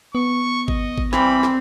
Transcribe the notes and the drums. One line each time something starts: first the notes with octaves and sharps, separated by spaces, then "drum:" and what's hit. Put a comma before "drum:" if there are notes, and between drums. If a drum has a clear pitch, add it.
B3 C#6
D#5, drum: kick G#1
drum: kick G#1
E3 G3 C4 B5, drum: snare
drum: snare